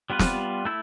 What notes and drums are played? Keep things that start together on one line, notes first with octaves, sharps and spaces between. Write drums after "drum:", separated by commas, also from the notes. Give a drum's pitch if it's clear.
G3 B3 F4 B4
drum: snare
A3 E4